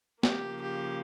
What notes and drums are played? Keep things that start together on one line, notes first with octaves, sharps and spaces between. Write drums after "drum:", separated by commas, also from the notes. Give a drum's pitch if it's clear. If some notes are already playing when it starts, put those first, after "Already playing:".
C#3 F3 A#3 G4, drum: snare
G4